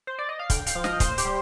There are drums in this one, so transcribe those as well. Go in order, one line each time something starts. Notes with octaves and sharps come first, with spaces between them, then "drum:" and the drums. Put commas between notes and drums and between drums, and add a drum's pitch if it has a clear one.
C5
D5
D#5
F5
D3 G5, drum: kick, hi-hat
F5, drum: hi-hat
F3
D#5, drum: snare
A#2 C5, drum: kick, hi-hat
G4, drum: hi-hat
G3